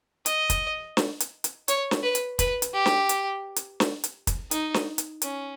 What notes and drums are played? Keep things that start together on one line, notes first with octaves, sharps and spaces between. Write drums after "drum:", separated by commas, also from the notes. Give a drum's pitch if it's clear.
D#5, drum: hi-hat
drum: kick, hi-hat
drum: snare
drum: hi-hat
drum: hi-hat
C#5, drum: hi-hat
drum: snare
B4
drum: hi-hat
B4, drum: kick, hi-hat
drum: hi-hat
G4
drum: snare
drum: hi-hat
drum: hi-hat
drum: snare
drum: hi-hat
drum: kick, hi-hat
D#4, drum: hi-hat
drum: snare
drum: hi-hat
C#4, drum: hi-hat